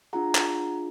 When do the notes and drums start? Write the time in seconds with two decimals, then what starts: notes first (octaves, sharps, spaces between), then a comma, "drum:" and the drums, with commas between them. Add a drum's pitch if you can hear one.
0.13 D4 F4 G#4 F#5 A#5
0.35 drum: clap